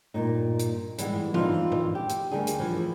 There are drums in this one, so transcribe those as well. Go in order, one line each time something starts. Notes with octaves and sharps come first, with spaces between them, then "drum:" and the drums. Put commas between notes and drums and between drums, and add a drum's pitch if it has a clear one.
G2 A#2 D#4
drum: hi-hat
E3 G3 G#3 B3, drum: hi-hat
E3 C4 D4 D#4 F4, drum: tom E3
drum: tom G#2
G4
drum: hi-hat
D2 D#3 G3 D4 G#4
drum: hi-hat
E3 F3